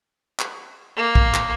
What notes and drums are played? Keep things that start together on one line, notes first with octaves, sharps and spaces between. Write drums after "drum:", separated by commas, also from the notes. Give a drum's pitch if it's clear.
drum: clap
A#3
drum: kick
drum: clap